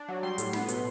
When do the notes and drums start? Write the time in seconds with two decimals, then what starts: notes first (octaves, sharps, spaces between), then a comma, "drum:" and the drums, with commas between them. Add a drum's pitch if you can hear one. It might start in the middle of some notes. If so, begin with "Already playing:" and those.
Already playing: D4
0.08 F#3
0.23 G3 C6
0.38 A2, drum: hi-hat
0.53 B3, drum: snare
0.68 B2, drum: hi-hat